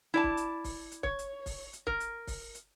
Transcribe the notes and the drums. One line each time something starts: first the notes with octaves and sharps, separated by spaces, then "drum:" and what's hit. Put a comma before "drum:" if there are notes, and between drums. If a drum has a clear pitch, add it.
E4 D5 A5
drum: kick
drum: hi-hat
drum: kick, open hi-hat
drum: hi-hat
C#5, drum: kick
drum: hi-hat
drum: kick, open hi-hat
drum: hi-hat
A#4, drum: kick
drum: hi-hat
drum: kick, open hi-hat
drum: hi-hat